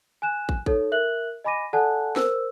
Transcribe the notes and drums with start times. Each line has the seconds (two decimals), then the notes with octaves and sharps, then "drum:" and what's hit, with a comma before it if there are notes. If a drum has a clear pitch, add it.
0.22 G#5 F#6 E7
0.49 drum: kick
0.66 D#4 A4 C#5, drum: kick
0.92 A#4 E5 F#6 F#7
1.44 D#5 G#5 B5 D6 A#6 D#7
1.73 A4 D5 F#5 G#5 A5 F#6
2.16 A#4 C5 E6, drum: snare